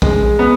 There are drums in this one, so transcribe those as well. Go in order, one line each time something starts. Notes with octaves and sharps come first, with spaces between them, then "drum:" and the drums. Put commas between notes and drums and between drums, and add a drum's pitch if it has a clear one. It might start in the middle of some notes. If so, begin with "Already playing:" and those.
G#3, drum: kick
B3